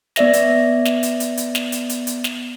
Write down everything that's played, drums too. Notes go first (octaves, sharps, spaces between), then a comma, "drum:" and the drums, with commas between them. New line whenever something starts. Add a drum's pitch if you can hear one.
B3 D5 E5 A#6, drum: snare
drum: hi-hat
drum: snare
drum: hi-hat
drum: hi-hat
drum: hi-hat
drum: snare
drum: hi-hat
drum: hi-hat
drum: hi-hat
drum: snare